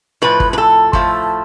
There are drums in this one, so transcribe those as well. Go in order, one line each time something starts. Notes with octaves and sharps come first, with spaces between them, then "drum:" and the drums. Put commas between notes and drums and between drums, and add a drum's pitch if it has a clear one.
A2 F3 A3 B4
drum: kick
B4
A4
A2 F3 A3, drum: kick